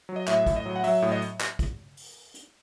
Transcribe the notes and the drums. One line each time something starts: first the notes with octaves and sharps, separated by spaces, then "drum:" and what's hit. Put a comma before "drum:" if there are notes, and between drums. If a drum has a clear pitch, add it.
F#3
D#5
A2 E5, drum: clap
A2, drum: kick, hi-hat
D#5
F#3
F#5
F#3 E5, drum: open hi-hat
A2
D#5
drum: hi-hat
drum: clap
drum: kick, hi-hat
drum: open hi-hat
drum: hi-hat